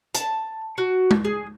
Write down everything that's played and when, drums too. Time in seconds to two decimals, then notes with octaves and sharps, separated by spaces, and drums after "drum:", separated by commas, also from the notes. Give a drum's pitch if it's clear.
0.15 A5, drum: hi-hat
0.78 F#4
1.11 drum: tom G#3
1.25 G#4